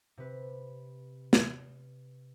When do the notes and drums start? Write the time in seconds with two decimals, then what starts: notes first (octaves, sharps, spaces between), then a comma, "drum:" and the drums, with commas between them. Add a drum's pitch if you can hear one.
0.17 C3 B4
1.33 drum: snare